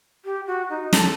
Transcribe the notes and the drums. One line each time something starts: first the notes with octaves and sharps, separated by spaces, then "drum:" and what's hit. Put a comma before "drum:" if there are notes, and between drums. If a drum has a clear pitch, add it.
G4
F#4
D#4
A4, drum: snare